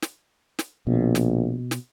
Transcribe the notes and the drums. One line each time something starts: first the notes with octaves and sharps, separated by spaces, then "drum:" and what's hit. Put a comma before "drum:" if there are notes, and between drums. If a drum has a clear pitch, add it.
drum: snare
drum: snare
A#1 B2
drum: snare
drum: snare